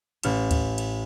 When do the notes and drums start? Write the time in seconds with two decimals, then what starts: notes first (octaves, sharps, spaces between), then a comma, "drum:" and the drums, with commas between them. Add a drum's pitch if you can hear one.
0.23 A1 F6 E7, drum: cymbal
0.51 drum: kick D2, cymbal
0.78 drum: cymbal